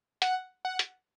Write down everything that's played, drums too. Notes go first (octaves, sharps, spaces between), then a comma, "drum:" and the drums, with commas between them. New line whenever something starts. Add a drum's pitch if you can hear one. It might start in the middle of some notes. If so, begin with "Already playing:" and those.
F#5, drum: hi-hat
F#5
drum: hi-hat